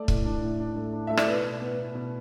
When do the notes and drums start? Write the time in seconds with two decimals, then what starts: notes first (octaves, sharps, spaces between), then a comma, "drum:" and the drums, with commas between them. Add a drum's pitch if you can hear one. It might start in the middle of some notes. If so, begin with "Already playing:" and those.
Already playing: A3 D5
0.08 A2, drum: kick
0.25 D4
0.42 A2
0.59 D4
0.76 A3
0.93 D4
1.07 A3 E5
1.17 D5, drum: rim click
1.27 B2 B4
1.44 B2
1.62 B3
1.79 B3
1.95 B2